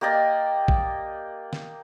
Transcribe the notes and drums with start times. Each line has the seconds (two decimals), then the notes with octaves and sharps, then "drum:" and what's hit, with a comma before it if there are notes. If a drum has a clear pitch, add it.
0.01 A#3 G4 D5 D#5
0.68 drum: kick
1.53 drum: snare